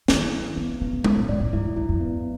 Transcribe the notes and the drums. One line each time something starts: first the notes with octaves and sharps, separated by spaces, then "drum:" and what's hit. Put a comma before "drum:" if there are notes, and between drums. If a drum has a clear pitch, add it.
D#3 E4, drum: snare
E4
D3 B3
C3
C3 B3
C#3
C3 C#4, drum: tom
A#2
A2 D5
G#2
G2 E4
F#2
E2 E4
F2
B3